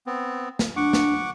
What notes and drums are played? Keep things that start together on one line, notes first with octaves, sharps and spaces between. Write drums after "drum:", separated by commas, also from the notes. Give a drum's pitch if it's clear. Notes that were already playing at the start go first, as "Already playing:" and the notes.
B3 C4
drum: snare
D4 F#5 C#6 D6
drum: snare